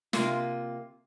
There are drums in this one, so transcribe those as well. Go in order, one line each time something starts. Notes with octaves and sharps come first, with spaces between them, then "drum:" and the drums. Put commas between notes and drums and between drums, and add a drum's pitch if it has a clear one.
C3 A#3 F4, drum: snare